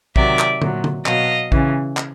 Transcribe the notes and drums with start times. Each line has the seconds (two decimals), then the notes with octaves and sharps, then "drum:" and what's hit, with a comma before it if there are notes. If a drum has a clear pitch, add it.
0.16 C3 D#3 F#3 D5 E5, drum: kick
0.39 drum: clap
0.62 A#2 F#3, drum: tom
0.84 drum: tom
1.06 B2 F#3 D#5 F5, drum: clap
1.52 C#3 E3, drum: kick
1.97 drum: clap